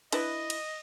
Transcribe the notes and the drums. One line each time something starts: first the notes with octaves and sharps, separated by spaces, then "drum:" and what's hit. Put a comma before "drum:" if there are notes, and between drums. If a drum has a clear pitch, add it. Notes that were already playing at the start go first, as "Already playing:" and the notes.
D4 E4 B4 D#5, drum: cymbal
drum: cymbal